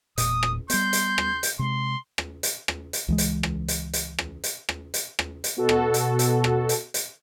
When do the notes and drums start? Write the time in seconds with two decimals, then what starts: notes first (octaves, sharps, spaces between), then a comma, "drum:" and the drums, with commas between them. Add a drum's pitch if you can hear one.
0.18 E1 A#2 D#6, drum: hi-hat
0.43 drum: rim click
0.70 G3 B3 C6 G6, drum: hi-hat
0.93 drum: hi-hat
1.18 drum: rim click
1.43 drum: hi-hat
1.59 C3 G#3 C6
2.18 drum: rim click
2.43 drum: hi-hat
2.68 drum: rim click
2.93 drum: hi-hat
3.08 C#2 E3 G#3
3.18 drum: hi-hat
3.43 drum: rim click
3.68 drum: hi-hat
3.93 drum: hi-hat
4.18 drum: rim click
4.44 drum: hi-hat
4.69 drum: rim click
4.94 drum: hi-hat
5.19 drum: rim click
5.44 drum: hi-hat
5.57 B2 F#4 A4
5.69 drum: rim click
5.94 drum: hi-hat
6.19 drum: hi-hat
6.44 drum: rim click
6.69 drum: hi-hat
6.94 drum: hi-hat